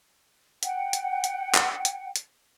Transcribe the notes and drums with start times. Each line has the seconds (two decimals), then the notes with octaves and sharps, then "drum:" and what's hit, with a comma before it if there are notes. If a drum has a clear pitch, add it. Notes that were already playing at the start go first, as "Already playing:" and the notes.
0.63 F#5 G5, drum: hi-hat
0.93 drum: hi-hat
1.24 drum: hi-hat
1.54 drum: clap
1.85 drum: hi-hat
2.16 drum: hi-hat